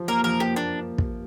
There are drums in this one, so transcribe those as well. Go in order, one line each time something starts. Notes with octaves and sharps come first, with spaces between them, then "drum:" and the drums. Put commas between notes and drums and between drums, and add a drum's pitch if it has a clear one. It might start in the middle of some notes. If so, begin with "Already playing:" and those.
Already playing: F3
A#3 A#4
F3 A#4
A#3 G4
A#3 D4
drum: kick